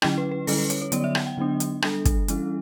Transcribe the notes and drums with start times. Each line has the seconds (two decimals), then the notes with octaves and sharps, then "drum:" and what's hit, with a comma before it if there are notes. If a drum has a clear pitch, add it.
0.02 D3 F#3 C#4 E4 G5, drum: rim click
0.18 B4
0.31 B4
0.47 D3 G3 C#4 E4 A4, drum: open hi-hat
0.58 B4
0.70 C#5, drum: hi-hat
0.82 C#5
0.92 D3 F#3 B3 D5, drum: hi-hat
1.04 E5
1.15 F#5, drum: rim click
1.27 G5
1.38 D3 F#3 B3 D4
1.60 drum: hi-hat
1.82 G3 D4 A4, drum: rim click
2.05 drum: kick, hi-hat
2.28 E3 G3 C#4 E4, drum: hi-hat